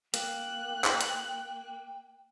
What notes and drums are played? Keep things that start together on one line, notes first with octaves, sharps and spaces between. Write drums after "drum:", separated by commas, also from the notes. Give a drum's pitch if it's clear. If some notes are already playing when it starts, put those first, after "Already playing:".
A#3 G5 F#6, drum: hi-hat
drum: clap
drum: hi-hat